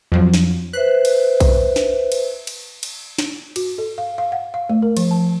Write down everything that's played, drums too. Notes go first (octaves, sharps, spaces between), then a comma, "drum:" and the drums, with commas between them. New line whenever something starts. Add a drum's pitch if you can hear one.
F2 F3 F#3
drum: snare
B4 C5 E5 F#6
drum: cymbal
drum: kick B1, cymbal
drum: snare
drum: cymbal
drum: cymbal
drum: cymbal
drum: snare
F#4, drum: cymbal
A4
F5
F5
F#5
F5
A3
A#4
F3, drum: cymbal
A5